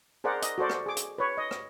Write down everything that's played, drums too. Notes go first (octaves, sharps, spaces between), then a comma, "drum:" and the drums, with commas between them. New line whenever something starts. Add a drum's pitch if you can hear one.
G#4 A#4 C5 D5 F#5
D#5, drum: hi-hat
F#4 A4 C5 D5
drum: rim click
G#4 D6
drum: hi-hat
B4 C#5
D#5
drum: rim click